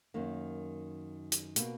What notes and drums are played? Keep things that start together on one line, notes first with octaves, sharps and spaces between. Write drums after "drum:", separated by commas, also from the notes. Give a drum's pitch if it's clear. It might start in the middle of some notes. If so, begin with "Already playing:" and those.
F#2 D#3 A#3
drum: hi-hat
B2 A#3, drum: hi-hat